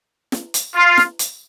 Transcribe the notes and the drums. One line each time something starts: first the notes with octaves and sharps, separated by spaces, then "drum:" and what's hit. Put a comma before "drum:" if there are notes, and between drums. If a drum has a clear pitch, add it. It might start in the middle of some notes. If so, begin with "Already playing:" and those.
drum: snare
drum: hi-hat
F4
drum: snare
drum: hi-hat